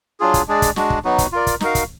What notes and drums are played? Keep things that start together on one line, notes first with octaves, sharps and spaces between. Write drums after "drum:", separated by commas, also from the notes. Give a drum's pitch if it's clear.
F#3 D4 F4 G#4
drum: kick, hi-hat
G#3 D4 G#4 D5
drum: kick, hi-hat
G#3 D4 F#4, drum: snare
drum: kick
F#3 B3 D#4 F#4
drum: kick, hi-hat
F4 A#4 D5
drum: kick, hi-hat
D#4 F#4 A#4 F5, drum: snare
drum: kick, hi-hat